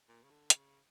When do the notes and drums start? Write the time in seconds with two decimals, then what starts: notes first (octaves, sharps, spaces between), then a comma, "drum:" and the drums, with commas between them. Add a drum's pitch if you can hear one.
0.09 A#2
0.24 C#3
0.30 D3
0.50 C#3, drum: hi-hat